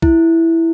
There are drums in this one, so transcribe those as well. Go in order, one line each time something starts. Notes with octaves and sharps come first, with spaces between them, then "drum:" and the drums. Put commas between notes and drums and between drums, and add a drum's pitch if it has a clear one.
E4, drum: kick